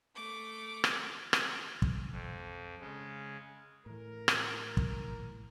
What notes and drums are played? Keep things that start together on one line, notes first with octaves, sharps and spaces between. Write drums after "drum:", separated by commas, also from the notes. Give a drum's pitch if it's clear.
A3 D6
drum: rim click
drum: rim click
drum: kick
F2
C#3 G#3
A2 E3 A#4
drum: rim click
drum: kick